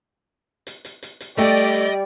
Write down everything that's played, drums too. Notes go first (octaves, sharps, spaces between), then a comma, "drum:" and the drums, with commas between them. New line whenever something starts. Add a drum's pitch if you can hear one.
drum: hi-hat
drum: hi-hat
drum: hi-hat
drum: hi-hat
G3 A3 G4 D5 D#5, drum: hi-hat
drum: hi-hat
drum: hi-hat